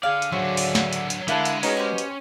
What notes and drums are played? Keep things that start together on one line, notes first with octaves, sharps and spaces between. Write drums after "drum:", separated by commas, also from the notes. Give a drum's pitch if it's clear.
D3 G#4 D5 F5
drum: hi-hat
C#3 F#3 D4 F#4 C5 E5
drum: open hi-hat
drum: snare
drum: hi-hat
drum: hi-hat
D3 G#3 A#3 E4 F#5 A5, drum: hi-hat
drum: hi-hat
B2 C#4 D#4 G#4, drum: open hi-hat
G4 C5
drum: hi-hat